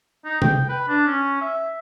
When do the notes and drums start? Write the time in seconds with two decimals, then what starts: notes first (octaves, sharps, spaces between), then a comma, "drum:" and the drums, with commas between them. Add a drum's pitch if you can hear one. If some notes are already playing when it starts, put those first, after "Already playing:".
0.25 D#4
0.42 G5, drum: tom C3
0.69 B4
0.88 D4
1.07 C#4
1.41 E5